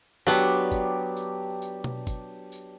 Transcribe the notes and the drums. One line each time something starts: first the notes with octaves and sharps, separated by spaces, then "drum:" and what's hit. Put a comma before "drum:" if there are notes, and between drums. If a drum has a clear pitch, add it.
F#3 B3 D4 G4 D5, drum: tambourine
drum: kick, tambourine
drum: tambourine
drum: tambourine
drum: tom B2
drum: kick, tambourine
drum: tambourine